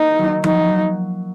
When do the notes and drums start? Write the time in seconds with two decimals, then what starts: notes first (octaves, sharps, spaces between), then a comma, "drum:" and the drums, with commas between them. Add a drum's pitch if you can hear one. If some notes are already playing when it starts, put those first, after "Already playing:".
Already playing: A#3 D#4
0.18 D#3 F#3
0.44 F3 D#4, drum: tom F3
0.52 F#3
0.60 F3
0.68 F#3